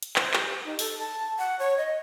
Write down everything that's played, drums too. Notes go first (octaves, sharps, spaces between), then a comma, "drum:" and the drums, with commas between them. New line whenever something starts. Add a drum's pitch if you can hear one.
drum: hi-hat
C5, drum: clap
G4, drum: clap
D#4
A4, drum: open hi-hat
A5
F#5
C#5
D#5